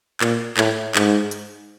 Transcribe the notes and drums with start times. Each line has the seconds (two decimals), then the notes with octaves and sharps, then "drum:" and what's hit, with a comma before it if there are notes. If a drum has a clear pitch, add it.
0.21 A#2, drum: clap
0.57 A2, drum: clap
0.95 G#2, drum: clap
1.31 drum: hi-hat